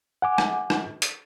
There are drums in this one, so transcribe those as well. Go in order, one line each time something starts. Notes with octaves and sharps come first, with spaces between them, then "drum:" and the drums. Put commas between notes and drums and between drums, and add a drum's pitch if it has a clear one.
F#5 G#5 D6
drum: rim click
drum: rim click
drum: hi-hat